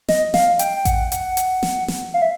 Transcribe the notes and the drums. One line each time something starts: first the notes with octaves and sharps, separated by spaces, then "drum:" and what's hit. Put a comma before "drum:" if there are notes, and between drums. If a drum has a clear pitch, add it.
D#5, drum: snare
F5, drum: snare
G5, drum: hi-hat
G5
F#5, drum: kick A1, hi-hat
F#5, drum: hi-hat
drum: hi-hat
drum: snare
drum: snare
F5
E5